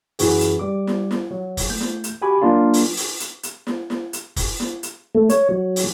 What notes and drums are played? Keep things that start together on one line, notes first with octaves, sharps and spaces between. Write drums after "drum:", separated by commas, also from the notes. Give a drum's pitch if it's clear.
F#2 E3 F#4 G#4, drum: open hi-hat
drum: hi-hat
G3 D6
drum: snare
drum: snare
F#3
drum: kick, open hi-hat
A3 G6
drum: snare
drum: hi-hat
F#4 G4 G#5 B5 D6
F#3 A#3 D4 F4
drum: open hi-hat
drum: open hi-hat
drum: hi-hat
drum: hi-hat
drum: snare
drum: snare
drum: hi-hat
drum: kick, open hi-hat
drum: snare
drum: hi-hat
A3
C#5, drum: hi-hat
F#3
drum: open hi-hat